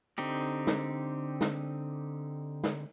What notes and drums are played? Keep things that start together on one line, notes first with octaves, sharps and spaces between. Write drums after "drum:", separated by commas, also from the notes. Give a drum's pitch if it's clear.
D3 C4 D#4 G4
drum: snare
drum: snare
drum: snare